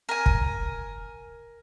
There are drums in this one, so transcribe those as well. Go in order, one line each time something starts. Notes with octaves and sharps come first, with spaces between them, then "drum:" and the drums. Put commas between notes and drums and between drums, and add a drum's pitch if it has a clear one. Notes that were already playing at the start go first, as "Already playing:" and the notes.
A#4 G#5
drum: kick